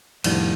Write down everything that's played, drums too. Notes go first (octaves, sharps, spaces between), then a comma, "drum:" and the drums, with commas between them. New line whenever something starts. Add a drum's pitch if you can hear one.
F2 A2 D#3 G3 D4, drum: cymbal